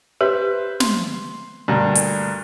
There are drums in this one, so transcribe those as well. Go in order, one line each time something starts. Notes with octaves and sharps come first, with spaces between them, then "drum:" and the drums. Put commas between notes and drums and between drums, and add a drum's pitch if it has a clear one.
G4 B4 C5 E5
C6, drum: snare
D2 G2 A#3
drum: hi-hat